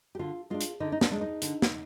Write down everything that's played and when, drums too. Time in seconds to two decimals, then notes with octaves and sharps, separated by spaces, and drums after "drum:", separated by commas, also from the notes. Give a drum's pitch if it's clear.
0.15 G4
0.19 D3 F4
0.50 G#3 D4 F4
0.61 drum: hi-hat
0.80 D3 D#4
0.92 D#4
1.01 D4, drum: snare
1.11 G#3 D4
1.21 D#4
1.42 D3, drum: hi-hat
1.62 drum: snare